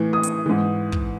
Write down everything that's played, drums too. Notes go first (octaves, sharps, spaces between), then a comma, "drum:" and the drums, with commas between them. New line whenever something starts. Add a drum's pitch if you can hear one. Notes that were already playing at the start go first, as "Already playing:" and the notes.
Already playing: A2 E3
D#6
drum: hi-hat
G#2 E3
drum: kick